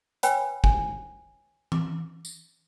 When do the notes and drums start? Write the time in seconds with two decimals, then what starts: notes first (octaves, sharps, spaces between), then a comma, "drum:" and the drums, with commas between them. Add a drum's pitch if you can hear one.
0.23 B4 C#5 G5 G#5 B5, drum: hi-hat
0.64 G#5, drum: kick
1.72 D6, drum: tom E3
2.25 drum: tambourine